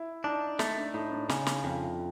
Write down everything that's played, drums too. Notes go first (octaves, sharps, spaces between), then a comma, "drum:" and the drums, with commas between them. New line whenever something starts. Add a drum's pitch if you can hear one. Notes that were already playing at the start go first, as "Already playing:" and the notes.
Already playing: E4
D4 D#4
A3, drum: snare
D4
A2 D#4
D4
C#3 C#4, drum: snare
D#4, drum: snare
F2 F4
E4